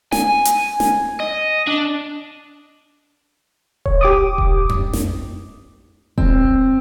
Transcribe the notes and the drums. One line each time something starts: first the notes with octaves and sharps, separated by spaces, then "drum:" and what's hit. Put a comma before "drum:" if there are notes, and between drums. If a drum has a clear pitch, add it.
G#5, drum: snare
drum: hi-hat
drum: snare
D#5
D4
C#5, drum: kick D#1
G4 D6 D#6
drum: kick D#1
drum: tom F2
drum: snare
C4, drum: kick D#1